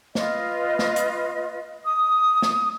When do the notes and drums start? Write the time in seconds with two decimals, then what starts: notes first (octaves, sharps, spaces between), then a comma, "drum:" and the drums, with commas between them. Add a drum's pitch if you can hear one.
0.15 F4 B4 D#5, drum: snare
0.79 drum: snare
0.96 drum: hi-hat
1.85 D#6
2.42 drum: snare